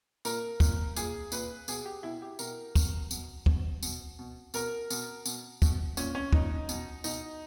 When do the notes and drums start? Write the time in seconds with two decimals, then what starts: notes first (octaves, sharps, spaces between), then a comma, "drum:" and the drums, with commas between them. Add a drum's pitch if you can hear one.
0.25 A#2 A#4, drum: tambourine
0.60 A#2, drum: kick, tambourine
0.97 A#2 G#4, drum: tambourine
1.32 A#2 B4, drum: tambourine
1.68 B2 G#4, drum: tambourine
1.85 G4
2.03 B2 E4
2.22 G4
2.39 B2 A#4, drum: tambourine
2.76 B2, drum: kick, tambourine
3.11 B2, drum: tambourine
3.46 B2, drum: kick
3.83 B2, drum: tambourine
4.19 B2
4.54 B2 A#4, drum: tambourine
4.90 B2, drum: tambourine
5.26 B2, drum: tambourine
5.62 B2, drum: kick, tambourine
5.97 A#2 C#4, drum: tambourine
6.15 C#4
6.33 A#2 D#4, drum: kick
6.69 B2, drum: tambourine
7.04 B2 D#4, drum: tambourine